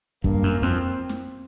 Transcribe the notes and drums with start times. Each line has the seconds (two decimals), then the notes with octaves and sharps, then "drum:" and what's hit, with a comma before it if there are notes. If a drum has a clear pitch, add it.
0.24 G2 A#3, drum: kick
0.43 F#2
0.62 F2 C4
1.09 drum: snare